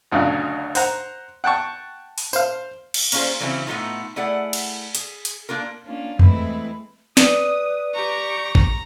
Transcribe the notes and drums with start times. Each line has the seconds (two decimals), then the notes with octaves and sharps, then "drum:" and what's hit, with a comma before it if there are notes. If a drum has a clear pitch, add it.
0.12 G#1 D2 C#3 F#3 F4
0.75 C5 F#5 A#5, drum: open hi-hat
1.44 F#5 G5 A5 C#6
2.18 drum: open hi-hat
2.33 C5 F5, drum: tambourine
2.94 drum: cymbal
3.12 A#3 C#4 D4 F4 G#4 C5, drum: cymbal
3.40 C#3 E3 F#3 C4 C#4 E4
3.67 A2 A#3 B3 D#4 F4
4.16 A3 E4 G#4 D5 F#5
4.53 drum: cymbal
4.95 G#4, drum: hi-hat
5.25 drum: hi-hat
5.49 A#3 D4 F4 A#4
5.86 A#3 C#4 D4 F4
6.19 E3 G#3 A3 C4 E4 B4, drum: tom E2
7.17 B4 D5 D#6, drum: snare
7.94 G4 A#5 C#6
8.55 drum: kick G#1